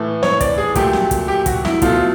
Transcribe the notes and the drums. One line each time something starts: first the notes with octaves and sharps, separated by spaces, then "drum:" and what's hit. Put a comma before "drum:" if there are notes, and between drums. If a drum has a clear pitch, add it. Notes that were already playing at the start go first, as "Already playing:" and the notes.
Already playing: A2 E3 A3
C#5, drum: snare
D5, drum: kick, hi-hat
G#4
A#2 F#3 A3 G4, drum: kick, hi-hat
drum: snare
drum: kick, hi-hat
G4
F#4, drum: kick, hi-hat
E4, drum: snare
B2 F#3 A3 F4, drum: kick, hi-hat